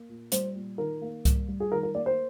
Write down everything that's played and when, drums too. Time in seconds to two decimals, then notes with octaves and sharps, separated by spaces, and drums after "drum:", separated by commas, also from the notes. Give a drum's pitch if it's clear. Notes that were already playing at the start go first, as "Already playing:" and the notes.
Already playing: A#3
0.09 A#2
0.32 G3 C5, drum: hi-hat
0.55 A#2
0.78 D#3 A#4
1.02 A#3
1.25 G3, drum: kick C2, hi-hat
1.48 G3
1.60 G#4
1.72 D#3 A#4
1.83 A#4
1.95 A#3 D5
2.06 C5